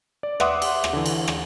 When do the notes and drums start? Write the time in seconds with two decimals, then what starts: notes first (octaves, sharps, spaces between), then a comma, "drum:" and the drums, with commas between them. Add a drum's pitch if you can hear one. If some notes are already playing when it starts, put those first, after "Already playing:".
0.23 D5
0.40 B4 E5 F#5 C6 D6 D#6, drum: rim click
0.62 drum: cymbal
0.84 drum: rim click
0.93 D3 E3
1.06 drum: cymbal
1.28 drum: rim click